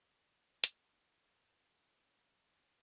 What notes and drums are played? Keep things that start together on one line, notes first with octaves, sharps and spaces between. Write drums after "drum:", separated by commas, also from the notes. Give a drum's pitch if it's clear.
A#3 C#4 A#4, drum: hi-hat
D#3
E4 C5
F2
G2 C#4 F4
E3 C4 C#5